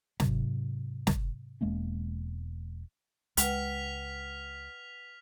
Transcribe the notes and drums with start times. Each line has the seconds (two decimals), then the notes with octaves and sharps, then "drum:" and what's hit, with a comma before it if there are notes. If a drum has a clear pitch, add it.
0.20 G#2 C3 F#3, drum: snare
1.07 drum: snare
1.61 E1 G#3 A#3 C#4
3.37 C#2 G#3 B4 F#5 G5 F6 B6 F7, drum: hi-hat